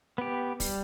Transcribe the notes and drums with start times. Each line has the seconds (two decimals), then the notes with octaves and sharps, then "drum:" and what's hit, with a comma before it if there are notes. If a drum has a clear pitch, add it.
0.18 B3 G4
0.60 G3, drum: kick, open hi-hat